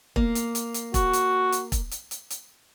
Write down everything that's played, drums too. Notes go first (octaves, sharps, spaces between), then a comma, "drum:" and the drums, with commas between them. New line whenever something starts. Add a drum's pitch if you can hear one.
A#3, drum: kick E1
drum: hi-hat
drum: hi-hat
drum: hi-hat
F#4, drum: kick E1, hi-hat
drum: hi-hat
drum: hi-hat
drum: kick E1, hi-hat
drum: hi-hat
drum: hi-hat
drum: hi-hat